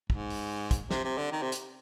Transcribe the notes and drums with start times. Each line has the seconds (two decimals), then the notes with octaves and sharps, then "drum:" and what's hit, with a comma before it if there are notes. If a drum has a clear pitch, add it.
0.10 G#2, drum: kick
0.30 drum: open hi-hat
0.71 drum: kick, hi-hat
0.91 C3, drum: snare
1.05 C3
1.18 D3
1.32 D#3
1.42 C3
1.52 drum: hi-hat